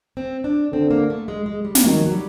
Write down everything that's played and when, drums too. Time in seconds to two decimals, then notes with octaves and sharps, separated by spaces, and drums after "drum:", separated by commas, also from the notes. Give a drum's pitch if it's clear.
0.17 C4
0.44 D4
0.72 D3 C4
0.91 A#3
1.10 A3
1.28 G#3
1.46 G#3
1.65 G3
1.75 drum: snare
1.84 D#3 F#3
2.05 F#3
2.12 G3